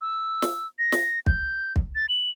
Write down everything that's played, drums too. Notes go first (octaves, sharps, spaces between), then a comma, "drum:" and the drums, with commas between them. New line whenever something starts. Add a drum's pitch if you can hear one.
E6
drum: snare
A#6
drum: snare
G6, drum: kick
drum: kick
A6
F#7